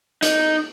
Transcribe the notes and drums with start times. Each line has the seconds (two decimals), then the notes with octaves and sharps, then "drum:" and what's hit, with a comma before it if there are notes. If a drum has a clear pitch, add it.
0.22 D#4, drum: hi-hat